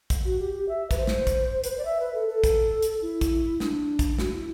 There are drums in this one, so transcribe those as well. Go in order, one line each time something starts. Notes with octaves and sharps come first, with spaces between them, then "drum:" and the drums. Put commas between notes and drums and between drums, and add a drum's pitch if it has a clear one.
drum: kick, hi-hat
F#4
G4
G4
E5
B4, drum: kick, hi-hat
C5
drum: snare
drum: kick, hi-hat
B4, drum: hi-hat
C5
D5
E5
B4
A4
A4
drum: kick, hi-hat
drum: hi-hat
E4
drum: kick, hi-hat
D4, drum: snare
drum: kick, hi-hat
F#4, drum: snare
E4